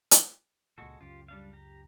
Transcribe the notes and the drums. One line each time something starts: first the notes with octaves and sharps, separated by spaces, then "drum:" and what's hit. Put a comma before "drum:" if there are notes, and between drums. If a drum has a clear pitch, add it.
drum: hi-hat
C#2 A#2 G#3 F#4 A4
C#2 F#2 C#3 F4 G4
G3 D4 F5
G4 A#5